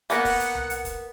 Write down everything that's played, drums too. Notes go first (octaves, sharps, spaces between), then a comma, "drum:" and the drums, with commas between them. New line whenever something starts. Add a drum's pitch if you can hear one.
A#3 B3 A#4 F#5, drum: hi-hat
drum: kick, open hi-hat
drum: hi-hat
drum: tom C2
drum: hi-hat
drum: kick, hi-hat